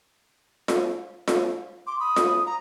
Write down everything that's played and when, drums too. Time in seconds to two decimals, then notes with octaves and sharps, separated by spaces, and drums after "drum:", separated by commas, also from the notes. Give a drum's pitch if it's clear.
0.68 drum: snare F4
1.28 drum: snare F4
1.87 C6 D6
2.00 B5 D#6
2.16 drum: snare F4
2.46 A#5